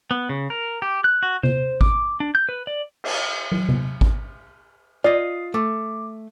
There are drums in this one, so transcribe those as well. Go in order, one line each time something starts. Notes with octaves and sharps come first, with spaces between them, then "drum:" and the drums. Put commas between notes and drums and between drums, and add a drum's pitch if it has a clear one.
B3
C#3
A#4
G4
F#6
F#4
C5, drum: tom C3
D6, drum: kick G#1
D4
G6
B4
D5
drum: cymbal
drum: tom
drum: tom C3
drum: kick G#1
F4 D5 D#5 D#6 C7
A3 D6